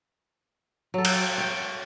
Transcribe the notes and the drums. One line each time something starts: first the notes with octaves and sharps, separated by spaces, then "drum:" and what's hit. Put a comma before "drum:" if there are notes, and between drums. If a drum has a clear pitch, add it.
F#3 A4
drum: cymbal
C#5 G5